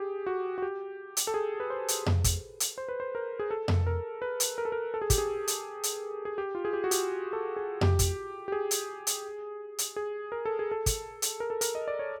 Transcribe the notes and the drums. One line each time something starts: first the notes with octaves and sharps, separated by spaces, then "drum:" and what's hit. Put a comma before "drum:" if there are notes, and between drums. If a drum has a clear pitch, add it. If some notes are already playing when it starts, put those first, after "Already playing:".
Already playing: G4 G#4
F#4
F#4
G4
drum: hi-hat
A4
G#4
B4
C5
drum: hi-hat
drum: tom F2
drum: kick, hi-hat
drum: hi-hat
C5
B4
C5
A#4
G#4
A4
drum: tom F2
A#4
B4
drum: hi-hat
A#4
A4
A#4
A4
G#4
G4, drum: kick, hi-hat
G#4
drum: hi-hat
drum: hi-hat
G#4
G4
F4
G#4
G4
F#4
G4, drum: hi-hat
A4
G#4
G4, drum: tom F2
drum: kick, hi-hat
G4
G#4
drum: hi-hat
drum: hi-hat
drum: hi-hat
G#4
A#4
A4
G#4
A4
drum: kick, hi-hat
drum: hi-hat
A#4
A4
A#4, drum: hi-hat
D#5
D5
C#5